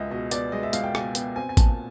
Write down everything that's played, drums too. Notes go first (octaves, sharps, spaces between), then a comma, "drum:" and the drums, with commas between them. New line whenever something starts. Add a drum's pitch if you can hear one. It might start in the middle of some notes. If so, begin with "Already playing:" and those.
Already playing: C#2 G#3 D#5 E5
B2 D#5
B3 D5, drum: hi-hat
G#3 D#5
E5
C#2 F5, drum: hi-hat
G5
B2 G#5, drum: rim click
B3 G5, drum: hi-hat
C4 G#5
G#5
A#2 A5, drum: kick, hi-hat